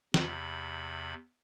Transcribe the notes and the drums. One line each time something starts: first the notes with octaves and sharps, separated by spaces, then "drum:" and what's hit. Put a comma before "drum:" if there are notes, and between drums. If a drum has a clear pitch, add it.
E2 C3 B5, drum: snare